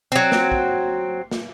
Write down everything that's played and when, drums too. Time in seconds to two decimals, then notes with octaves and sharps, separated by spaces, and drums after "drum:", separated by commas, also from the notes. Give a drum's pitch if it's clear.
0.12 F#3 C4
0.32 drum: snare
0.52 drum: kick
1.31 drum: snare